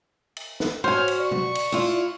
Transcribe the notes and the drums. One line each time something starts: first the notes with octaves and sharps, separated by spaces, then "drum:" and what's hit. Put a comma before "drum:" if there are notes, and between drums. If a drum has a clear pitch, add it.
drum: cymbal
drum: snare
F#4 C5 C#5 G#5 F6, drum: tom G#2
drum: cymbal
D5 C#6
drum: tom B2
drum: cymbal
E4 F4